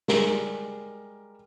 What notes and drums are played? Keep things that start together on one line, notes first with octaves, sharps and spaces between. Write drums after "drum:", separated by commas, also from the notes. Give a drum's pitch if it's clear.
G3 G#3 A#4, drum: snare